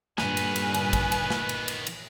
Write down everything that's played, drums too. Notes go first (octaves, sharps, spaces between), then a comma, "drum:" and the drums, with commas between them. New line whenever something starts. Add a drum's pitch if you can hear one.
G2 A#2 D3 D#3 B3 B4 G#5, drum: snare
drum: cymbal
drum: cymbal
drum: cymbal
drum: kick, cymbal
drum: cymbal
drum: snare
drum: cymbal
drum: cymbal
drum: cymbal